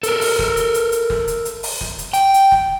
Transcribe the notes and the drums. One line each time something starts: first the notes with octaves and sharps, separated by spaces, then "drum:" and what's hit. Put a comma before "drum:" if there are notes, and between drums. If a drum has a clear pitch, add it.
A4 A#4, drum: hi-hat
drum: open hi-hat
drum: snare
drum: hi-hat
drum: hi-hat
drum: hi-hat
drum: snare
drum: hi-hat
drum: hi-hat
drum: open hi-hat
drum: snare
drum: hi-hat
G5, drum: hi-hat
drum: hi-hat
drum: snare